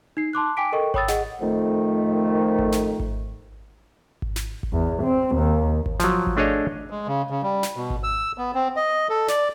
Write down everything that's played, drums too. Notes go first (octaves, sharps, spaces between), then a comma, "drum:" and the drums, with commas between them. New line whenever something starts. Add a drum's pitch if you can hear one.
D#4 C7
A5 C6 D6 F#6
G5 G#5 D6 B6 D7
A4 A#4 D#5 G5 C#6
C#5 G5 B5 D#6 E6 A6, drum: kick G#1
G#4 D#5 F#5, drum: snare
F2 D#3 A3
drum: kick G#1
drum: snare
drum: kick G#1
drum: kick G#1
drum: snare
drum: kick G#1
E2
C4
D#2
drum: kick G#1
F3 F#3, drum: snare
drum: kick G#1
A3 D4 G#4 C#5 D#5 F5
G#3
C#3
C#3
G3
drum: snare
B2
drum: kick G#1
E6
B3
C4
D#5
A4
D5, drum: snare